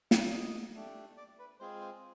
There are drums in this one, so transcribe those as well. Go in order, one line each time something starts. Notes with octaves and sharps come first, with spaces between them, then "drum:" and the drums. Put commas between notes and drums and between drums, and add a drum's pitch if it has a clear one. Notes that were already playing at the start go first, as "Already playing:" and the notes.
D#5, drum: snare
D#5
A3 D4 G4
D5
B4
G#3 C4 F4 G#4 C5
C5